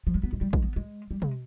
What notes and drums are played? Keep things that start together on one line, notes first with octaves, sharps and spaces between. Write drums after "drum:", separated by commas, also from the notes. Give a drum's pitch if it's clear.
F3
G#3
B3
G#3
G3
G#3, drum: kick
B3
G#3
G3
G#3, drum: tom